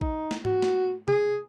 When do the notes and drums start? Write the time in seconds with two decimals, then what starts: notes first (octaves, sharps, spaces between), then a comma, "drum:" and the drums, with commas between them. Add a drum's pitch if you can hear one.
0.01 D#4, drum: kick A#1
0.31 drum: snare
0.45 F#4, drum: tom G#2
0.62 drum: snare
1.08 G#4, drum: tom C3